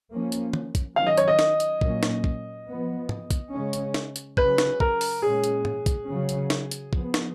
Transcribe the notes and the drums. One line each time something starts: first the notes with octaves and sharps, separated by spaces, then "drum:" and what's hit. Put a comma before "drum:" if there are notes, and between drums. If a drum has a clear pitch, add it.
F3 A#3 C#4
drum: hi-hat
drum: tom
drum: kick, hi-hat
D#3 F#3 C#4 F5
D#5
C#5, drum: hi-hat
D#5
drum: snare
drum: hi-hat
A#2 F#3 A#3 C#4, drum: kick
drum: snare
drum: kick
F3 B3
drum: tom
drum: kick, hi-hat
C#3 G#3 C#4
drum: hi-hat
drum: snare
drum: hi-hat
C#3 F#3 C#4 B4, drum: kick
drum: snare
A#4, drum: kick
drum: open hi-hat
A#2 G#3 C#4 G#4
drum: hi-hat
drum: tom
drum: kick, hi-hat
C#3 F#3 C#4
drum: hi-hat
drum: snare
drum: hi-hat
F3 B3, drum: kick
drum: snare